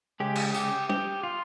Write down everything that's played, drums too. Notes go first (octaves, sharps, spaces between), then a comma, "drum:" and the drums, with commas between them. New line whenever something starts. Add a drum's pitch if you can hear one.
C#3 G#3 C#4 G4
drum: cymbal
G4, drum: tambourine
G4, drum: tom
F4